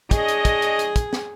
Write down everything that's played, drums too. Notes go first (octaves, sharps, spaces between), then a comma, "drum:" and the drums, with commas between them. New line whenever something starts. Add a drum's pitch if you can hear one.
D4 G#4 C#5 D#5, drum: kick, hi-hat
drum: hi-hat
drum: kick, hi-hat
drum: hi-hat
drum: hi-hat
drum: kick, hi-hat
drum: snare